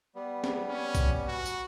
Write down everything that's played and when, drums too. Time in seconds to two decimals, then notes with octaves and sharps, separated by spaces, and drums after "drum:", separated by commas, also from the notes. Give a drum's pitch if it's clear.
0.15 G3 B3
0.44 drum: snare
0.69 C#4
0.95 drum: kick, tambourine
1.28 F#4
1.46 drum: tambourine